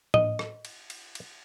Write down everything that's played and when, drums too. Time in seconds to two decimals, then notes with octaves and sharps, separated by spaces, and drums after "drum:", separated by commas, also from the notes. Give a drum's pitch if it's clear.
0.14 D#5, drum: tom A2
0.39 drum: rim click
0.65 drum: cymbal
0.90 drum: cymbal
1.15 drum: cymbal